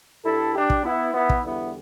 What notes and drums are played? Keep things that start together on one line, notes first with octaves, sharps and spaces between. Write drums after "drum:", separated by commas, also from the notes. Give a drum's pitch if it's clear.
G2 G3 E4 A4
D4 G4
drum: kick
B3 E4
B3 E4
drum: kick
E2 D3 G3 B3 E4